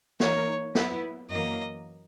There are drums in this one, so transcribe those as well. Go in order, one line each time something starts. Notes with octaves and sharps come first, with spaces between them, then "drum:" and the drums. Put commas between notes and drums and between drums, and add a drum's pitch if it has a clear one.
E3 A#3 D#4 A#4 C#5, drum: snare
F#3 B3 E4 B4, drum: snare
F#2 E3 A#3 D#5